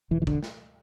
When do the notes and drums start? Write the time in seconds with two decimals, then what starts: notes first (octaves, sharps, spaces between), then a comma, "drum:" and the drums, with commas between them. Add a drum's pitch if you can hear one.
0.11 E1 E3
0.22 E3
0.27 D3, drum: kick
0.43 drum: snare